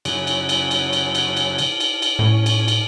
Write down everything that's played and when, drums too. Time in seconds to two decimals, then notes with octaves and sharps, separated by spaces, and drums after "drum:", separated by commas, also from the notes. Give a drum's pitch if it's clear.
0.05 F#2 C#3, drum: cymbal
0.27 drum: cymbal
0.49 drum: cymbal
0.71 drum: cymbal
0.93 drum: cymbal
1.15 drum: cymbal
1.37 drum: cymbal
1.58 drum: cymbal
1.80 drum: cymbal
2.02 drum: cymbal
2.19 A2 C#4
2.46 drum: cymbal
2.68 drum: cymbal